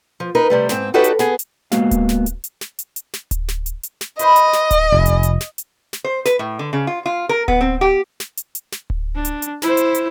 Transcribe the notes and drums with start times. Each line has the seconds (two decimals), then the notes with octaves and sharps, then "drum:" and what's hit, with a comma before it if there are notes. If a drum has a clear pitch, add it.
0.20 F3
0.35 D#4 A#4 B4
0.50 C3 G3 A3
0.69 G#2 C4, drum: snare
0.94 D#4 F#4 G4 A4 B4 C#5
1.04 drum: hi-hat
1.19 B3 G#4, drum: snare
1.39 drum: hi-hat
1.72 G#3 A#3 B3 F#4 F5, drum: snare
1.91 drum: kick D1, hi-hat
2.09 drum: snare
2.26 drum: hi-hat
2.44 drum: hi-hat
2.61 drum: snare
2.79 drum: hi-hat
2.96 drum: hi-hat
3.14 drum: snare
3.31 drum: kick D1, hi-hat
3.48 drum: snare
3.66 drum: hi-hat
3.83 drum: hi-hat
4.01 drum: snare
4.19 E4 B4 C5 D#5, drum: hi-hat
4.36 drum: hi-hat
4.53 drum: snare
4.71 drum: kick D1, hi-hat
4.92 F1 E4 G#5
5.06 drum: hi-hat
5.23 drum: hi-hat
5.41 drum: snare
5.58 drum: hi-hat
5.93 drum: snare
6.04 C5
6.25 B4, drum: snare
6.39 A2
6.59 D3
6.73 C#3
6.87 F4
7.06 F4
7.29 A#4
7.48 B3, drum: kick D1
7.61 C4
7.81 G4
8.20 drum: snare
8.37 drum: hi-hat
8.55 drum: hi-hat
8.72 drum: snare
8.90 drum: kick D1
9.15 D4
9.25 drum: hi-hat
9.42 drum: hi-hat
9.62 E4 C5, drum: snare
9.77 drum: hi-hat
9.95 drum: hi-hat